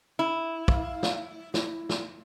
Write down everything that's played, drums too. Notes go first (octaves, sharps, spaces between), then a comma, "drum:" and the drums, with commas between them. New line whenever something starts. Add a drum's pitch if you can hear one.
E4
F5, drum: kick
drum: snare
E4, drum: snare
drum: snare